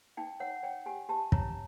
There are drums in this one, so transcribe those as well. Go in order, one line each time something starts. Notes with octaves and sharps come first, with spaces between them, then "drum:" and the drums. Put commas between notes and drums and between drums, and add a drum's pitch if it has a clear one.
D#4 G5
C#5 F#5
C#5 G5
G4 G#5
G4 A5
C#5 A#5, drum: kick